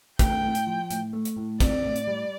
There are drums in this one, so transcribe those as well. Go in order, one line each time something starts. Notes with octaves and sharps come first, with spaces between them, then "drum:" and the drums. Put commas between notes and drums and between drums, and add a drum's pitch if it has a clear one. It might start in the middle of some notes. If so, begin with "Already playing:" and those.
A3 G5, drum: kick, hi-hat
A2
drum: hi-hat
F3
A2, drum: hi-hat
A3
drum: hi-hat
A2
C4 D5, drum: kick, hi-hat
A2
drum: hi-hat
G3